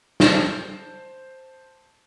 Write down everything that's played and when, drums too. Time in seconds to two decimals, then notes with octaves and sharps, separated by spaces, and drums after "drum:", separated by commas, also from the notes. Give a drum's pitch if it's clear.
0.20 C5 A5, drum: snare